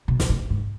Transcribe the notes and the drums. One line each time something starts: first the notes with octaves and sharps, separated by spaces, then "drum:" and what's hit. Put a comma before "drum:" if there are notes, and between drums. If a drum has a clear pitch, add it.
B2
drum: snare
A2
G#2